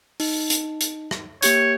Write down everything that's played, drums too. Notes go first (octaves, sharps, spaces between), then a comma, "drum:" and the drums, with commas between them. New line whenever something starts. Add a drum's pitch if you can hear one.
D#4, drum: open hi-hat
drum: hi-hat
drum: hi-hat
drum: rim click
A#3 G4 C#5 G6, drum: hi-hat